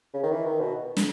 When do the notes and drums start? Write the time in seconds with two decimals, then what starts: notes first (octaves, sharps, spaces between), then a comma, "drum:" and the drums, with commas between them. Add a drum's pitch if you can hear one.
0.14 C#3
0.23 D#3
0.31 E3
0.45 D#3
0.60 B2
0.97 drum: snare